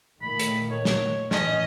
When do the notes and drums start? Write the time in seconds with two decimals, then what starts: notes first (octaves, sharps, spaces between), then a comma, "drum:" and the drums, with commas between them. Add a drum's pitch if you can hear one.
0.22 A#2 D#3 A3 B5
0.39 drum: hi-hat
0.70 C#5
0.85 drum: snare
1.31 A2 E3 C#4 D#5, drum: snare